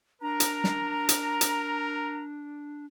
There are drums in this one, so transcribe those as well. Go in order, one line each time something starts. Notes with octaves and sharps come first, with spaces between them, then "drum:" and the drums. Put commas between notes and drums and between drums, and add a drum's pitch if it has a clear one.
D4 A#4 A#5
drum: hi-hat
drum: snare
drum: hi-hat
drum: hi-hat